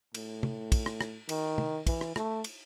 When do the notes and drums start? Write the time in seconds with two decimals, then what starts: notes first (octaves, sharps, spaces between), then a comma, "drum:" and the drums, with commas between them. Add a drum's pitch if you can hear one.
0.14 A2, drum: cymbal
0.43 drum: tom
0.72 drum: kick, cymbal
0.86 drum: rim click
1.01 drum: rim click
1.29 D#3, drum: cymbal
1.58 drum: tom
1.87 E3, drum: kick, cymbal
2.01 drum: rim click
2.16 A3, drum: rim click
2.44 drum: cymbal